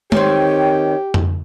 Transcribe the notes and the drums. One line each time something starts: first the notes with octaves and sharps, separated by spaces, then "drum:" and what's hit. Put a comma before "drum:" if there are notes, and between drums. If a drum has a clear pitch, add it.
D#3 C4 G4 C#5, drum: tom G#3
drum: tom F2